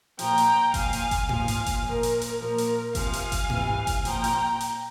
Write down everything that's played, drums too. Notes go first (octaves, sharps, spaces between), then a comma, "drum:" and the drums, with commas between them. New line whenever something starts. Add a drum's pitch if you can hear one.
A#2 F3 G5 A#5, drum: hi-hat
drum: hi-hat
A#2 F3 F5 G#5, drum: kick G1, hi-hat
drum: hi-hat
drum: kick G1, hi-hat
A#2 F3 F5 G#5, drum: tom G#2
drum: hi-hat
drum: kick G1, hi-hat
A#2 F3 A#4
drum: hi-hat
drum: hi-hat
A#2 F3 A#4
drum: hi-hat
C3 F3 F5 G#5, drum: kick G1, hi-hat
drum: hi-hat
drum: kick G1, hi-hat
C3 E3, drum: tom G#2
drum: kick G1, hi-hat
A#2 F3 G5 A#5, drum: hi-hat
drum: hi-hat
drum: hi-hat